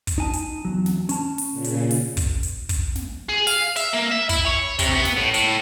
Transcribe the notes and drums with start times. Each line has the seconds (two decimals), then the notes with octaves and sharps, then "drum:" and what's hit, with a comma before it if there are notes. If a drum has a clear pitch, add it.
0.07 drum: kick, hi-hat
0.18 D#4 G#5 A5
0.33 drum: hi-hat
0.65 E2 F#3
0.86 drum: snare
1.09 C#4 A5, drum: hi-hat
1.38 drum: open hi-hat
1.52 A#2 C#3
1.64 drum: hi-hat
1.91 drum: open hi-hat
2.17 drum: kick, hi-hat
2.43 drum: hi-hat
2.69 drum: kick, hi-hat
2.95 drum: snare
3.29 G#4
3.47 F5, drum: open hi-hat
3.76 E5, drum: hi-hat
3.93 A#3
4.11 E5
4.29 E4, drum: kick, hi-hat
4.45 C#5
4.79 C3, drum: kick, hi-hat
4.95 B3
5.05 drum: snare
5.17 A2
5.34 A2, drum: hi-hat